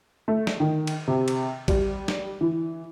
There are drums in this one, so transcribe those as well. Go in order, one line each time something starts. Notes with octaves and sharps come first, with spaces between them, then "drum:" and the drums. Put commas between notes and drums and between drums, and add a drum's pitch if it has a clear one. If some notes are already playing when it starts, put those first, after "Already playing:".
A3
drum: snare
D#3
drum: cymbal
C3
drum: cymbal
G3, drum: kick A#1, cymbal
drum: snare
E3